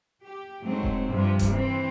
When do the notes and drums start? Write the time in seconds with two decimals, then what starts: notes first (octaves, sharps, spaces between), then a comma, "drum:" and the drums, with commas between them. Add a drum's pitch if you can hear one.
0.24 G4
0.64 G#2 F#3 A3 C4
0.83 drum: kick E1
1.10 G2 C3 F3 G3
1.39 drum: kick E1, hi-hat
1.53 E3 C4